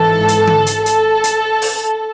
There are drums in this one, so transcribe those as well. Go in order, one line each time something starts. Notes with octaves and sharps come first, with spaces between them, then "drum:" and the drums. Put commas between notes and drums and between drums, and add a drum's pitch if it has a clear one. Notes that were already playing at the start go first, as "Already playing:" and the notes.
Already playing: G#1 G#2 E3 A4
drum: hi-hat
drum: tom D3
drum: hi-hat
A4, drum: hi-hat
drum: hi-hat
drum: open hi-hat